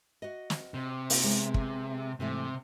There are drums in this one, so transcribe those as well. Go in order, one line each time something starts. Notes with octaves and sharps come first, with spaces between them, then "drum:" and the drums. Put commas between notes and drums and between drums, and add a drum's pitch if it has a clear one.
F#4 D#5
drum: snare
C3
A#3, drum: open hi-hat
G#3 B3
drum: kick
G#2 C3 E3 A3